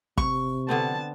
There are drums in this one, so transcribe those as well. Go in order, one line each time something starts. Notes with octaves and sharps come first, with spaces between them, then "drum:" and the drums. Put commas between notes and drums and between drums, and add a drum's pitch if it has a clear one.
C3 C#6, drum: kick
D3 B3 C4 A5